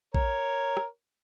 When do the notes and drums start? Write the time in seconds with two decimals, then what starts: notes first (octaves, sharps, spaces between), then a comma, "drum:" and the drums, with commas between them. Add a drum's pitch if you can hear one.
0.15 A#4 C#5, drum: kick A#1
0.77 drum: rim click